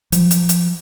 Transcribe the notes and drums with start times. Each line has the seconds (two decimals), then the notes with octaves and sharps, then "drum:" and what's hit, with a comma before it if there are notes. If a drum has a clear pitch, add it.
0.12 F3 F#3, drum: hi-hat
0.31 drum: hi-hat
0.49 drum: hi-hat